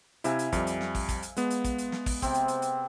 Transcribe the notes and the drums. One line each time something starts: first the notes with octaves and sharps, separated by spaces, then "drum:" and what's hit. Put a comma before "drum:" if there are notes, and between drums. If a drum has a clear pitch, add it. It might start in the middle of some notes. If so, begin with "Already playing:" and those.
C3 E4 E5 F5 G#5, drum: hi-hat
drum: hi-hat
F2 G3, drum: kick, hi-hat
drum: hi-hat
drum: snare
drum: kick, open hi-hat
drum: kick, hi-hat
drum: hi-hat
G#3 B3, drum: hi-hat
drum: hi-hat
drum: kick, hi-hat
drum: hi-hat
drum: snare
drum: kick, open hi-hat
C3 C4, drum: kick, hi-hat
drum: hi-hat
drum: hi-hat
drum: hi-hat